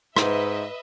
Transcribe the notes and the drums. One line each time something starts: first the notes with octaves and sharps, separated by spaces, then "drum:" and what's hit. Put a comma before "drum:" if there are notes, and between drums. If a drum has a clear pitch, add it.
G#2 B4 D#5 E5, drum: rim click